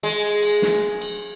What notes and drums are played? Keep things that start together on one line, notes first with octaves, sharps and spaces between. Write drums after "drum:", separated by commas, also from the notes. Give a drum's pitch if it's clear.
G#3, drum: cymbal
drum: cymbal
drum: snare
drum: cymbal